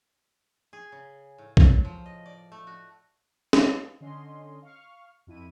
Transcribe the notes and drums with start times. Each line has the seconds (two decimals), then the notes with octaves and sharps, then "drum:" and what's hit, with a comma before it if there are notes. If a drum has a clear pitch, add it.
0.73 G#4
0.92 C#3
1.38 A2
1.57 F#3, drum: kick
1.85 F3
2.06 D#5
2.26 D5
2.52 A3
2.67 F#4
3.53 drum: snare
4.01 D3 C#4 D#5 C6
4.62 F5 C#6 F6
5.27 F2 E4 D#7